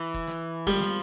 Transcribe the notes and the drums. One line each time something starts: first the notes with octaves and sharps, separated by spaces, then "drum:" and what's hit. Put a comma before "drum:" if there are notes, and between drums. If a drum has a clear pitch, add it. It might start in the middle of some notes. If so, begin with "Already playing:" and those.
Already playing: E3
drum: kick
drum: snare
F3 G3, drum: kick
drum: snare